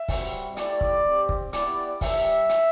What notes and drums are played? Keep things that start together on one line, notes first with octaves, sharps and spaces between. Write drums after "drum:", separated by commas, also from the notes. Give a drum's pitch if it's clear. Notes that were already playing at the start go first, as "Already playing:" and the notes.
Already playing: E5
G3 C4 F#4, drum: kick, open hi-hat
A3 E4 G4 D5, drum: hi-hat
drum: kick
C4 G4
drum: kick
B3 E4 G4 D5, drum: hi-hat
G3 D4 G4 E5, drum: kick, open hi-hat
drum: hi-hat